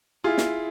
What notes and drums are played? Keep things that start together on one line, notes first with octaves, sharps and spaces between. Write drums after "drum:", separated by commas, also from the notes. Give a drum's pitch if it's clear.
E4 F4 G#4
drum: snare